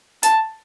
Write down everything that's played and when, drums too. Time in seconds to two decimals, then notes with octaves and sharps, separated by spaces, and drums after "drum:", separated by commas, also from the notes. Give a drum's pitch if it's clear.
0.23 A5, drum: hi-hat